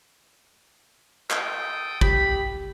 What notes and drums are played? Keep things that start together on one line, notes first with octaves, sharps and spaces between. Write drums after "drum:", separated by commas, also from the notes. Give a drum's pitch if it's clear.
A4 G5 D#6, drum: clap
G4 B5, drum: kick